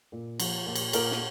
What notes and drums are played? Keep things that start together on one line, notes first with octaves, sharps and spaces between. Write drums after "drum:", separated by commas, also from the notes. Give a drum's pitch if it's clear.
A#2
F3, drum: cymbal
A#2
drum: cymbal
A#2 A#4, drum: cymbal
drum: snare